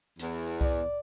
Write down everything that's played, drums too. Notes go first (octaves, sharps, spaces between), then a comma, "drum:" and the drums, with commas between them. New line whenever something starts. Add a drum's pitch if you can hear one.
E2, drum: hi-hat
D5, drum: kick C2